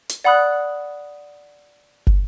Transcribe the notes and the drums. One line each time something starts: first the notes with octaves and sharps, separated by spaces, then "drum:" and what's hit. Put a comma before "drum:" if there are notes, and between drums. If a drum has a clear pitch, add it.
drum: hi-hat
D5 F#5 B5 D#6 F#6
drum: kick